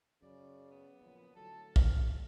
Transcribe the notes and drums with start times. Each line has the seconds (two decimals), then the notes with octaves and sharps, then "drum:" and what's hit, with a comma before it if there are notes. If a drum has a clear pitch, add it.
0.22 F#2 C#3 D5
0.71 B3
1.01 A#2 F3 C#4
1.36 A2 D3 F#3 A4 A5
1.76 A4 F6, drum: kick